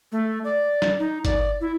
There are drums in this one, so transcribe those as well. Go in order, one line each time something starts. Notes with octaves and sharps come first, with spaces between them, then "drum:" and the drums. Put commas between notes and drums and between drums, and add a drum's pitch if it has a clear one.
A3
D5
drum: snare
D#4
D5, drum: kick G1, hi-hat
E4